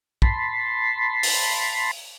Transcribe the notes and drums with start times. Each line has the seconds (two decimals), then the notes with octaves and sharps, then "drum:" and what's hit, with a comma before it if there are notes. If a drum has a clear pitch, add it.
0.22 A5 B5 C6, drum: kick
1.23 drum: open hi-hat